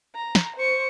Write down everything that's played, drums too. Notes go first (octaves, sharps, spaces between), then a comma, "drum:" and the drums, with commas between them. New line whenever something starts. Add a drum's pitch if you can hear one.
A#5
drum: snare
C5 C#6